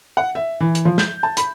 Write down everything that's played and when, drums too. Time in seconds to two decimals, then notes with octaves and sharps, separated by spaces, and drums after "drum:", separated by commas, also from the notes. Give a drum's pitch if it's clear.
0.17 F#5
0.35 E5
0.60 E3
0.75 drum: hi-hat
0.85 F3
0.98 G6, drum: snare
1.23 A5
1.37 B5, drum: hi-hat